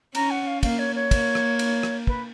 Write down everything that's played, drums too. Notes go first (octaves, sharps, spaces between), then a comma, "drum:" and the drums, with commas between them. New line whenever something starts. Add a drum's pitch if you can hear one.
C#4 A#5, drum: cymbal
F#5
F5
A#3 F5, drum: kick, cymbal
C#5
C#5
A#3, drum: kick, cymbal
drum: rim click
drum: cymbal
drum: rim click
B4, drum: kick